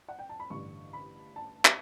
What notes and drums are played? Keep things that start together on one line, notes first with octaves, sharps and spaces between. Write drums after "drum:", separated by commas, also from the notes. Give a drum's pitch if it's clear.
F#5
G5
A5
B5
A1 G2 D3 C#6
B5
A5
drum: clap